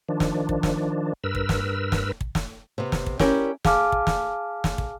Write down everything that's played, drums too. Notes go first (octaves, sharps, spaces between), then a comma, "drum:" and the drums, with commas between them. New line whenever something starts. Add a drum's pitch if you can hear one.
D#3 F3 D4
drum: snare
drum: kick
drum: snare
G2 A#4 B4 E6
drum: kick
drum: snare
drum: snare
drum: kick
drum: snare
C3 B3
drum: snare
drum: kick
C#4 E4 G4 A#4 D5, drum: snare
G#4 F5 G#5 A5 D6 F6, drum: snare
drum: kick
drum: snare
drum: snare
drum: kick